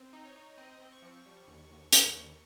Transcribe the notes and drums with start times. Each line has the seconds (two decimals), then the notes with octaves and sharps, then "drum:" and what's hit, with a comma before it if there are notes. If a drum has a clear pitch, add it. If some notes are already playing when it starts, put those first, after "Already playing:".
Already playing: C4
0.13 D#4
0.25 C#5
0.36 D#4
0.57 C4 D#5
0.80 C4
0.92 C#6
1.02 F3
1.26 G3
1.48 D#2
1.70 D#2
1.92 D#2, drum: hi-hat
2.16 D#2